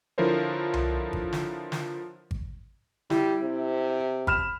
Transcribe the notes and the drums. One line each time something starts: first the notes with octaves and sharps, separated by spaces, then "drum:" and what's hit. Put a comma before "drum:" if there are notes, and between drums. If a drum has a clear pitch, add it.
D3 F3 E4 A#4 C5 C#5
drum: tom C2
drum: kick G#1
drum: snare
drum: snare
drum: kick G#1
G3 E4, drum: snare
C3
B5 F6 E7, drum: kick G#1